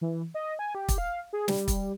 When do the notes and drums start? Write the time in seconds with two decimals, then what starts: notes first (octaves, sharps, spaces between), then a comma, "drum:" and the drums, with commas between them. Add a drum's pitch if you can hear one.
0.01 E3
0.34 D#5
0.59 G#5
0.75 G4
0.89 drum: kick, hi-hat
0.98 F5
1.33 G#4
1.48 G3, drum: snare
1.68 drum: kick, hi-hat